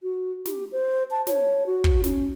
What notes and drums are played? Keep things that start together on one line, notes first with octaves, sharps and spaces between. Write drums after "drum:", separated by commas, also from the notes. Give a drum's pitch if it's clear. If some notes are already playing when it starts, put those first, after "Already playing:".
F#4
G4, drum: snare
C5
A5
C#5, drum: snare
F#4
drum: kick
C#4, drum: snare